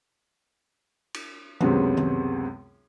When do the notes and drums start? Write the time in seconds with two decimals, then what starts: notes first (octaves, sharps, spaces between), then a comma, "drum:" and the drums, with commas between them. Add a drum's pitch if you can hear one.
1.14 drum: cymbal
1.61 C#2 F#2 C3 G#3 B3, drum: tom D#3
1.97 drum: tom D#3